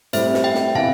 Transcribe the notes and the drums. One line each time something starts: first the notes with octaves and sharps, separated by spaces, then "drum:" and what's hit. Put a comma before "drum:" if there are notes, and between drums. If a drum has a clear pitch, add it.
A2 G3 C4 C5 E5, drum: hi-hat
drum: snare
E5 G5
drum: snare
C3 E3 B3 E4 F5 A5, drum: tom